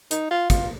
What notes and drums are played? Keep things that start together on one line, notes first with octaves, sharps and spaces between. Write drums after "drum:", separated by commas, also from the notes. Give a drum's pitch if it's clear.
D#4, drum: hi-hat
F4
F4, drum: kick, hi-hat